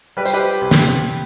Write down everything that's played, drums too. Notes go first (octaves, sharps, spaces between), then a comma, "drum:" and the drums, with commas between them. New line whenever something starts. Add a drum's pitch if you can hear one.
G3 B4
C5, drum: tambourine
G4 B4
C2
drum: snare